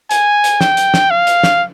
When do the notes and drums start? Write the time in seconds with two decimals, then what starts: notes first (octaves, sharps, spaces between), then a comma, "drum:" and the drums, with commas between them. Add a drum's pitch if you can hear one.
0.11 G#5, drum: hi-hat
0.44 drum: hi-hat
0.61 G5, drum: snare
0.77 drum: hi-hat
0.94 drum: snare
1.11 F5
1.27 drum: hi-hat
1.43 drum: snare